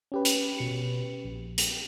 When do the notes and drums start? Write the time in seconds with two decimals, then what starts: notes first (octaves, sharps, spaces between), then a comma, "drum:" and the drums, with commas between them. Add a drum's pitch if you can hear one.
0.12 C#4 G4 B4
0.25 drum: hi-hat
0.58 G1 B2 C#7
1.25 A#1
1.58 drum: hi-hat